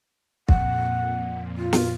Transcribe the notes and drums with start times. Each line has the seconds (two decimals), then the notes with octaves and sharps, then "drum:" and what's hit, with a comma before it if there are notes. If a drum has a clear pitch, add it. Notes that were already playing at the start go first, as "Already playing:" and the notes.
0.49 F2 A#2 F#5, drum: kick
1.58 F4
1.73 drum: snare